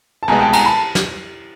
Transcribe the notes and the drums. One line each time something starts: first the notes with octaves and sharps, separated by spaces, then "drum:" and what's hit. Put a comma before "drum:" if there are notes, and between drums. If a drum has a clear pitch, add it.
A5
C2 B2 G#3 B3 G#5 A#5
G5 A5
G#5 A#5, drum: cymbal
A5 B5
drum: snare